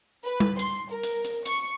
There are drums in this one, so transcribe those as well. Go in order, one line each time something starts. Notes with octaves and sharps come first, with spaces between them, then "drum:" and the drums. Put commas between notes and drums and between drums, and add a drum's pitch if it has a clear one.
B4
drum: tom G3
C6, drum: hi-hat
A#4
drum: hi-hat
drum: hi-hat
C#6, drum: hi-hat